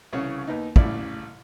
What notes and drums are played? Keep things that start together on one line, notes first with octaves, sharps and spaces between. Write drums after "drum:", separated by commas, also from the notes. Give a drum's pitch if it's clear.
C2 C#3 E3 C#5
D#2 B3 D#4
A1 C#3 E4 D5, drum: kick